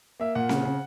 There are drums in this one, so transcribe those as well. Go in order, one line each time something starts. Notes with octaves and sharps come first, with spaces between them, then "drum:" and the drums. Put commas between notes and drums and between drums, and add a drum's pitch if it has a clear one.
A#3 E5
A#2 F#5
C#3, drum: snare C4
C#3